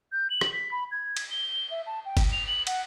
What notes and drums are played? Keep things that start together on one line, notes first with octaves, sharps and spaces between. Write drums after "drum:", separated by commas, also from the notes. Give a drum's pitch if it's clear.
G6
F#7
drum: rim click
B6
B5
G#6
drum: cymbal
G7
E5
A5
G5
drum: kick, cymbal
F7
F#7
F#5, drum: cymbal